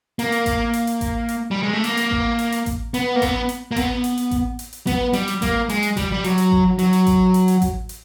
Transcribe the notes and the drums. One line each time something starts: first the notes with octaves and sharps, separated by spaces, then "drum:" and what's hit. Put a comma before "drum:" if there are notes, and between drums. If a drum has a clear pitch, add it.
A#3, drum: hi-hat
drum: hi-hat
drum: kick A1, hi-hat
drum: hi-hat
drum: hi-hat
drum: kick A1, hi-hat
drum: hi-hat
G3
G#3
A3
A#3, drum: hi-hat
drum: hi-hat
drum: kick A1
drum: hi-hat
drum: hi-hat
drum: kick A1, hi-hat
B3, drum: hi-hat
A#3
B3, drum: kick A1, hi-hat
drum: hi-hat
A#3
B3, drum: kick A1, hi-hat
drum: hi-hat
drum: hi-hat
drum: kick A1, hi-hat
drum: hi-hat
drum: hi-hat
B3, drum: kick A1, hi-hat
G3, drum: hi-hat
drum: hi-hat
A#3, drum: kick A1, hi-hat
G#3, drum: hi-hat
drum: hi-hat
G3, drum: kick A1, hi-hat
G3
F#3, drum: hi-hat
drum: hi-hat
drum: kick A1
F#3, drum: hi-hat
drum: hi-hat
drum: kick A1, hi-hat
drum: hi-hat
drum: hi-hat
drum: kick A1, hi-hat
drum: hi-hat